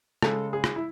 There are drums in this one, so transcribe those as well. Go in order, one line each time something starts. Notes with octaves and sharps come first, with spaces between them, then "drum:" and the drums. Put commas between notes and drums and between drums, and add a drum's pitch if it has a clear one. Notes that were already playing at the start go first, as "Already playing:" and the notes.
C#3 G#3 A4, drum: rim click
G#4
drum: rim click
E4